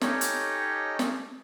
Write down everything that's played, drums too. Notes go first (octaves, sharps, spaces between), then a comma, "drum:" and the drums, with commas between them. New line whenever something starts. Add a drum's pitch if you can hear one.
C#4 D#4 G4 A4 C#5 D#5, drum: snare
drum: hi-hat
drum: snare